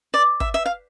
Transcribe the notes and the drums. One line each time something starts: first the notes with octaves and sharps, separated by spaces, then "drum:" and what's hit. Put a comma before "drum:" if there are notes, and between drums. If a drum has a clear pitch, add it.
D5
E5, drum: kick
E5
F5